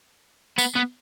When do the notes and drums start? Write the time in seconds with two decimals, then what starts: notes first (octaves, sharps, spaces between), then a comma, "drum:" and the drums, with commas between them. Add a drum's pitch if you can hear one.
0.58 B3, drum: tambourine
0.76 B3